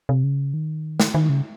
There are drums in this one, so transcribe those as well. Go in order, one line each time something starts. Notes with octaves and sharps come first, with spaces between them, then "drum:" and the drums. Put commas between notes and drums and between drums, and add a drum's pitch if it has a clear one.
C3
C#3
D#3
drum: snare
D#3
C#3